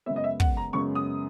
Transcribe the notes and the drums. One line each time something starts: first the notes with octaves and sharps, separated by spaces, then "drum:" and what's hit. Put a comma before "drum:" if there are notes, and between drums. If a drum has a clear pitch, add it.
F#2 C#3 G#3 B3 E5
D#5
E5
F#5, drum: kick
A#5
F#2 C#3 G#3 B3 C#6
D#6